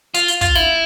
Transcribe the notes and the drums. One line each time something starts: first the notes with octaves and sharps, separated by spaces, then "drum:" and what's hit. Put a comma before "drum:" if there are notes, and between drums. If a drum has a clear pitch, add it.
F4, drum: hi-hat
drum: hi-hat
F4, drum: kick, hi-hat
E4, drum: snare